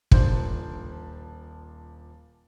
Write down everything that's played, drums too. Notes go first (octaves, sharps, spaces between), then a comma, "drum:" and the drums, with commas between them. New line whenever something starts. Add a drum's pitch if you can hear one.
D#1 F3 D4 C6 G6, drum: kick